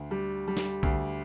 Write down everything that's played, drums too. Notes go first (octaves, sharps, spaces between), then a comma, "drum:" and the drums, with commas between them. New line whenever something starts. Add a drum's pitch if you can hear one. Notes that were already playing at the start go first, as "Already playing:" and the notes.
Already playing: D2
G3
G3
drum: snare
D2, drum: kick B1